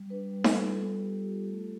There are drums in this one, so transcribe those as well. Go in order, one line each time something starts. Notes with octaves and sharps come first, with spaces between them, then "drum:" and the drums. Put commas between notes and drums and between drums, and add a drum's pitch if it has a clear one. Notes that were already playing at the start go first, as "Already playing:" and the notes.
Already playing: G3
D4 B4
G3
A4, drum: snare D#4
F4
B3 A4
B3 G4
F4 G4
A3 A4